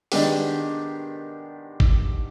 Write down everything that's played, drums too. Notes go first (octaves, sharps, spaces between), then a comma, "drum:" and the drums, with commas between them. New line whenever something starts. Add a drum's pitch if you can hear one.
D#3 G#3 B3 D4 G4, drum: open hi-hat
drum: kick G1